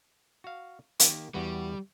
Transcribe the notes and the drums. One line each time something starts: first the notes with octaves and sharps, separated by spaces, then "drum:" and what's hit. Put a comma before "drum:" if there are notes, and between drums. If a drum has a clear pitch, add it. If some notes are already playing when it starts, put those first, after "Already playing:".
F#4 F5
D#3 A#3 G4, drum: hi-hat
E2 G3 F#4 B4